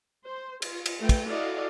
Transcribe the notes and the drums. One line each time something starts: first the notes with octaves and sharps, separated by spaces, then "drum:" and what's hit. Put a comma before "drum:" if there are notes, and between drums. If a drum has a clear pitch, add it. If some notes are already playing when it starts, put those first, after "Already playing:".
C5
F4, drum: cymbal
drum: cymbal
A3 F4 B4 G5
drum: kick, cymbal
E4 F#4 A4 D5 D#5 F5